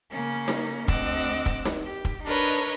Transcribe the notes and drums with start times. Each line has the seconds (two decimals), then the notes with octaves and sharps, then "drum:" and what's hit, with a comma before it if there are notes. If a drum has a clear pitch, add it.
0.10 C#3 A#3 C#4
0.48 drum: snare D#4
0.88 D2 C4 D#5 F#5 D6 E6, drum: kick
1.46 drum: kick
1.65 drum: snare D#4
1.85 G4
2.05 drum: kick
2.24 D4 D#4 A#4 B4 C#5 D#5